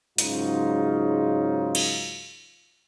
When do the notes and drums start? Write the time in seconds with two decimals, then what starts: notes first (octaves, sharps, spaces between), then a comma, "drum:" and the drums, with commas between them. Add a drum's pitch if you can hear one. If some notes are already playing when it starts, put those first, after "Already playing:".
0.18 G#2 C#3 F#3 D#4 F4, drum: hi-hat
1.75 drum: cymbal